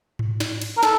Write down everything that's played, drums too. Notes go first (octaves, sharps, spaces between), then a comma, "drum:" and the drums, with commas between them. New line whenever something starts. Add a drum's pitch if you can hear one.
drum: tom G#2
drum: snare
drum: cymbal
A#4
A4, drum: snare